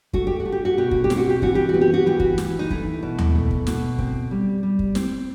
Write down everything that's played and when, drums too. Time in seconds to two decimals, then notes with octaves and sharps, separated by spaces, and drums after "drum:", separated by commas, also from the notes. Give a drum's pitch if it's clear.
0.13 A3 F#4, drum: kick
0.27 G4
0.40 F#4
0.45 A3
0.52 G4
0.65 F#4
0.78 B2 G4
0.91 F#4, drum: kick
1.04 G4
1.10 C4, drum: snare
1.17 F#4
1.30 G4
1.42 E3 F#4, drum: kick
1.55 G4
1.69 F#4
1.74 B3
1.81 G4
1.94 F#4
2.06 E3 G4
2.20 F#4, drum: kick
2.38 E3, drum: snare
2.59 D#4
2.70 A3 E4, drum: kick
3.03 B2
3.19 drum: tom D#2
3.35 A3
3.51 drum: kick
3.67 B2, drum: snare
3.98 C4, drum: kick
4.31 G3
4.63 G3
4.79 drum: kick
4.95 C4, drum: snare